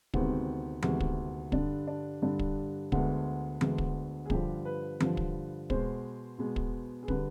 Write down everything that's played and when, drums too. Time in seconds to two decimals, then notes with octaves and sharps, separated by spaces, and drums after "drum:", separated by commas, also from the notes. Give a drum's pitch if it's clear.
0.14 D2 C3 D#3 G#3 B3 C4, drum: kick
0.82 D2 C3 D#3 G#3 B3, drum: tom E3
1.00 drum: kick
1.52 G2 D3 G3 D4, drum: kick
1.87 D4
2.22 G2 D3 G3 D4
2.39 drum: kick
2.92 D2 D3 G#3 B3, drum: kick
3.61 D2 D3 G#3 B3, drum: tom E3
3.78 drum: kick
4.26 G#4
4.30 G2 D3 F3 G4, drum: kick
4.65 B4
5.00 G2 D3 F3, drum: tom E3
5.17 drum: kick
5.70 B2 G#3 B3 C5, drum: kick
6.38 B2 G#3 B3
6.56 drum: kick
7.03 G#4
7.08 D3 G3 B4, drum: kick